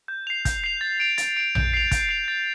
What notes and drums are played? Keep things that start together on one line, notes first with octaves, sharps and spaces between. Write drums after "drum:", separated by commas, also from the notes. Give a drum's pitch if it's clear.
G6
C7 F7
G6, drum: kick, hi-hat
C7 F7
A6
D7 F7
A6, drum: hi-hat
D7 F7
G6, drum: tom A#1
C7 F7
G6, drum: kick, hi-hat
C7 F7
A6